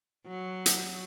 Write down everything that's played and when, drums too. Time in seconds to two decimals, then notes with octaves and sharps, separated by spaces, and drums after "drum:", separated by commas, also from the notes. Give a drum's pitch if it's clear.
0.28 F#3
0.66 drum: hi-hat